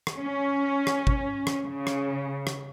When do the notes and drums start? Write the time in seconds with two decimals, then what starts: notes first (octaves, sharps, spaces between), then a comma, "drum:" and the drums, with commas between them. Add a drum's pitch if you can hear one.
0.07 drum: rim click
0.17 C#4
0.87 drum: rim click
1.07 drum: kick
1.47 drum: rim click
1.67 C#3
1.87 drum: rim click
2.47 drum: rim click